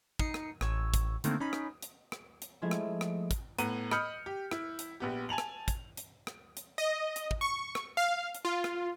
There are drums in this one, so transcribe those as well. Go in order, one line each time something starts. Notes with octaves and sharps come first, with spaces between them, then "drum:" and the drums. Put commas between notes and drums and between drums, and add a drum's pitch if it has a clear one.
D#4 D#6 C7 C#7, drum: kick
drum: rim click
A1 C#5 E6, drum: rim click
drum: kick, hi-hat
D3 D#3 A3 A#3 C4, drum: hi-hat
C#4 D#4 B5
drum: rim click
drum: hi-hat
drum: rim click
drum: hi-hat
F3 G#3 A3 E4 G#4
drum: rim click
drum: rim click
drum: kick, hi-hat
A2 B3 A#5 D#7, drum: hi-hat
D#5 B5 D#6 F6 G6 C#7, drum: rim click
G4
E4, drum: rim click
drum: hi-hat
A#1 B3 G4
G#5 A5 F7 F#7
drum: rim click
drum: kick, hi-hat
drum: hi-hat
drum: rim click
drum: hi-hat
D#5
drum: hi-hat
drum: kick
C#6
drum: rim click
F5
drum: hi-hat
F4
drum: rim click